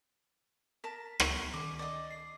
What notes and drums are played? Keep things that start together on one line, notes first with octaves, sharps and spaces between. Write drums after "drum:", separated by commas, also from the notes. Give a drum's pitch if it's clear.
A#4 A5 B6
A#4 E5 C#6, drum: rim click
D#3 D6
D5 D#5
C7